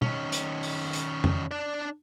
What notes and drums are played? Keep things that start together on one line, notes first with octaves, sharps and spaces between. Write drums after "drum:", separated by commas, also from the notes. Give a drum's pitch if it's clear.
D#3 C#4, drum: tom B2
drum: hi-hat
drum: open hi-hat
drum: hi-hat
drum: tom F2
D4 D5